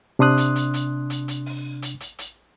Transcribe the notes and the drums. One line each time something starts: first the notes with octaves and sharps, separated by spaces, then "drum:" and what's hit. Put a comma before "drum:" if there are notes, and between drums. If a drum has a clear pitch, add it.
C3 D4 C6 D#6 F#6
drum: hi-hat
drum: hi-hat
drum: hi-hat
drum: hi-hat
drum: hi-hat
drum: open hi-hat
drum: hi-hat
drum: hi-hat
drum: hi-hat